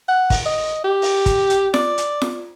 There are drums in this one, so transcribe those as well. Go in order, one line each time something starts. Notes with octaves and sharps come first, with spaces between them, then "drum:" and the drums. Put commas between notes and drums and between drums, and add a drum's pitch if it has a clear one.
F#5
drum: kick, open hi-hat
D#5
G4
drum: open hi-hat
drum: kick, hi-hat
drum: hi-hat
D5, drum: snare F4
drum: hi-hat
drum: snare F4